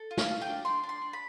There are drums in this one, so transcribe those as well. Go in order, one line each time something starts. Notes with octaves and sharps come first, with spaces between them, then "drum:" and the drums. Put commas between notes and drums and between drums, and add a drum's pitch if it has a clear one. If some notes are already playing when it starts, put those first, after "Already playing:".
Already playing: A4
F4
F5, drum: snare
F4
G5
D4
D4 C6
D4
C6
D4
B5